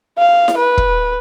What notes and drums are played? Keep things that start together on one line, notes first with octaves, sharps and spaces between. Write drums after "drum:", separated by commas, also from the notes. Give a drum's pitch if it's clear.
F5
drum: snare E4
B4
drum: kick